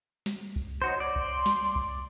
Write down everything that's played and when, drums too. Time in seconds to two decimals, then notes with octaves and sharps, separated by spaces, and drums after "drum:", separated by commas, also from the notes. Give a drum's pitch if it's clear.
0.26 drum: snare
0.56 drum: kick C2
0.82 D#4 F#4 C5 C#5
1.00 D5
1.16 C6, drum: kick C2
1.46 drum: snare
1.76 drum: kick C2